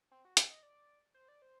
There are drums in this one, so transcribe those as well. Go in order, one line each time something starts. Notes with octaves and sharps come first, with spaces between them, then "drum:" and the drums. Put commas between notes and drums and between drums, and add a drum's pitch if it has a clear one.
C4
F#4
drum: hi-hat
D#5
D5
C5
D5
C5